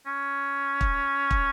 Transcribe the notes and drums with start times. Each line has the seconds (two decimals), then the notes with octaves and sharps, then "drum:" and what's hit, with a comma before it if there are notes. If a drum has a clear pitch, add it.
0.06 C#4
0.81 drum: kick
1.31 drum: kick